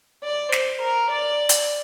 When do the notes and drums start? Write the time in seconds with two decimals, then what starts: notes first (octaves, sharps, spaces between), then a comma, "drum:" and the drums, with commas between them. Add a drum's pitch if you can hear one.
0.24 D5
0.52 C5, drum: snare
0.82 A#4
1.11 D5
1.49 drum: hi-hat